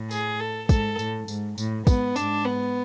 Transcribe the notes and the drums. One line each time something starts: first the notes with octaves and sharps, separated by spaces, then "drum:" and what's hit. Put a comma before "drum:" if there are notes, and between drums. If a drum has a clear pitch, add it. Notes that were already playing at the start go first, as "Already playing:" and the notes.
Already playing: A2
G#4, drum: tambourine
A4
G#2 A4, drum: kick, tambourine
A2, drum: tambourine
G#2, drum: tambourine
A2, drum: tambourine
G#2 B3, drum: kick, tambourine
G#2 D4, drum: tambourine
B3